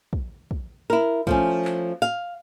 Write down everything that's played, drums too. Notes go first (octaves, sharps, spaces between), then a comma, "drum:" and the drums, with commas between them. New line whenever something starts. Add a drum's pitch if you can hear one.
drum: kick
drum: kick
E4 A#4
F3 A3 C#4, drum: kick
drum: clap
F5